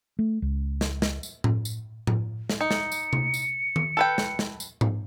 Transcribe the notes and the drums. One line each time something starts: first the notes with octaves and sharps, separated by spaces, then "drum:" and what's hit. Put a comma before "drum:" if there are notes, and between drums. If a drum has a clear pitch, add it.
A3
C#2
drum: snare
drum: snare
drum: tambourine
drum: tom A2
drum: tambourine
drum: tom A2
drum: snare
D#4 C#7
drum: snare
drum: tambourine
drum: tom C3
drum: tambourine
drum: tom D#3
A4 B4 G5
drum: snare
drum: snare
drum: tambourine
drum: tom G#2